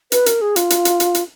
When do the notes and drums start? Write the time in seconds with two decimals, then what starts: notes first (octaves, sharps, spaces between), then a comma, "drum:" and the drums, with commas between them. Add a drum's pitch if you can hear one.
0.12 B4, drum: hi-hat
0.26 A#4, drum: hi-hat
0.42 G#4
0.56 F4, drum: hi-hat
0.70 drum: hi-hat
0.85 drum: hi-hat
1.00 drum: hi-hat
1.15 drum: hi-hat